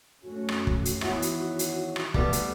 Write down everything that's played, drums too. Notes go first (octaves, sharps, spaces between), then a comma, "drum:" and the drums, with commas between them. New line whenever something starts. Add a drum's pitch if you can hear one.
F#2 A3 C#4 F#4
drum: rim click
drum: kick
drum: hi-hat
D#3 E3 F#3 B3, drum: rim click
drum: hi-hat
drum: hi-hat
drum: rim click
G3 A3 B3, drum: kick
drum: hi-hat